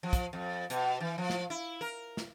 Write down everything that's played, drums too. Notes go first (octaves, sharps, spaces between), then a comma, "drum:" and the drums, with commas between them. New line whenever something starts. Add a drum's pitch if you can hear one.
F3
drum: kick, hi-hat
F2
B2, drum: hi-hat
E3
F3
drum: snare
E4
A#4
drum: snare